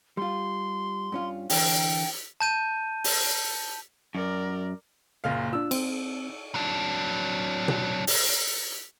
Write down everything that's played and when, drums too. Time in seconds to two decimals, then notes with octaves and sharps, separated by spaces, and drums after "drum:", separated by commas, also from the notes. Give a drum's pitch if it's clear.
0.17 G3 F4 C6
1.12 G2 C#4 F4
1.50 D3 E3 G5, drum: open hi-hat
2.41 A5 G6 D#7
3.04 drum: open hi-hat
4.15 F#2 A#4 D5
5.24 F#1 A#2 F5
5.53 D4 F4 E6
5.71 C4, drum: cymbal
6.55 F#3 D4
7.68 drum: tom B2
8.07 drum: open hi-hat